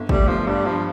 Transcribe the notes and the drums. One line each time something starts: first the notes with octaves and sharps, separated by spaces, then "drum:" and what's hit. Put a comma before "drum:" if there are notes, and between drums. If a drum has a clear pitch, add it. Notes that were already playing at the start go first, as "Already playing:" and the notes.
Already playing: G1
G3 A3, drum: kick
G1 F3
G2 G3
G2 F3